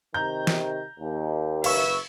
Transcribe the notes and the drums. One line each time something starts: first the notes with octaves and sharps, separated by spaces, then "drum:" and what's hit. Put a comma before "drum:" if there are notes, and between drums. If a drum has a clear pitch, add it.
C3 D#3 A#5 G6
drum: snare
D#2
F#1 B4 E5 F5 C#6, drum: cymbal